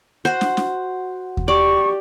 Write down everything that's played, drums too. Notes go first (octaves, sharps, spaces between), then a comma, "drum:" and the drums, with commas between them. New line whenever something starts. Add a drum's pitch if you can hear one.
F#4 C5 F#5
drum: snare
drum: snare
drum: kick D#2
G4 D5 C#6